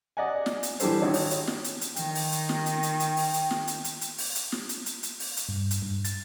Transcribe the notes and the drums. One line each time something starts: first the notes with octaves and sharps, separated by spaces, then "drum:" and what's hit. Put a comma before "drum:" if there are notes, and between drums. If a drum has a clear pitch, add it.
D5 D#5 F#5 G#5
drum: snare
drum: hi-hat
E3 F3 G3 D4 A4 C5, drum: hi-hat
G#1 C#4 D#4 F#4
drum: open hi-hat
drum: hi-hat
drum: snare
drum: hi-hat
drum: hi-hat
D#3 G5, drum: hi-hat
drum: open hi-hat
drum: hi-hat
drum: snare
drum: hi-hat
drum: hi-hat
drum: hi-hat
drum: open hi-hat
drum: hi-hat
drum: snare
drum: hi-hat
drum: hi-hat
drum: hi-hat
drum: open hi-hat
drum: hi-hat
drum: snare
drum: hi-hat
drum: hi-hat
drum: hi-hat
drum: open hi-hat
drum: hi-hat
G2
drum: hi-hat
G2
A6, drum: hi-hat